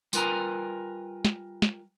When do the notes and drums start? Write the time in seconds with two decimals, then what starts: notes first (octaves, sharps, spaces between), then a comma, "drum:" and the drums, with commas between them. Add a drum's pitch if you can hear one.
0.13 G3 F4 A#4 B4 G#5 A#5, drum: tambourine
1.25 drum: snare
1.62 drum: snare